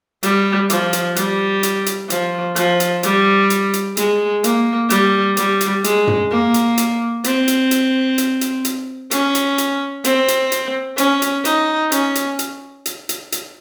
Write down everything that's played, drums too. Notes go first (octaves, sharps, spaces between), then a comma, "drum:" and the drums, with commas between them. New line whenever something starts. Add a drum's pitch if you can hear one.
G3, drum: hi-hat
F3, drum: hi-hat
drum: hi-hat
G3, drum: hi-hat
drum: hi-hat
drum: hi-hat
F3, drum: hi-hat
F3, drum: hi-hat
drum: hi-hat
G3, drum: hi-hat
drum: hi-hat
drum: hi-hat
G#3, drum: hi-hat
A#3, drum: hi-hat
G3, drum: hi-hat
G3, drum: hi-hat
drum: hi-hat
G#3, drum: hi-hat
drum: tom
A#3
drum: hi-hat
drum: hi-hat
C4, drum: hi-hat
drum: hi-hat
drum: hi-hat
drum: hi-hat
drum: hi-hat
drum: hi-hat
C#4, drum: hi-hat
drum: hi-hat
drum: hi-hat
C4, drum: hi-hat
drum: hi-hat
drum: hi-hat
C#4, drum: hi-hat
drum: hi-hat
D#4, drum: hi-hat
C#4, drum: hi-hat
drum: hi-hat
drum: hi-hat
drum: hi-hat
drum: hi-hat
drum: hi-hat